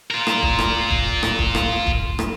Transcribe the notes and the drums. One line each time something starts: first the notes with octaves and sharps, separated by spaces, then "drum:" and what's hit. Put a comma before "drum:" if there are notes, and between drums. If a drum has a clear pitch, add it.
F4 A#4
drum: rim click
drum: kick
drum: rim click
drum: kick
drum: rim click
drum: kick
drum: rim click
drum: kick
drum: rim click